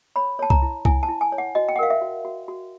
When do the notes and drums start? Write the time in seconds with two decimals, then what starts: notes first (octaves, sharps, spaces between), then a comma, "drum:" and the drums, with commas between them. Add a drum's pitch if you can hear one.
0.16 C#5 B5
0.39 C#5 A5
0.50 A#5, drum: kick C2
0.62 E4
0.85 E4 G#5, drum: kick C2
1.03 A5
1.09 E4
1.21 G#5
1.32 C#5
1.38 F#5
1.55 F#4 D#5
1.69 G5
1.76 F#5
1.79 A#4 F5
1.90 E5
2.02 F#4
2.25 F#4
2.48 F#4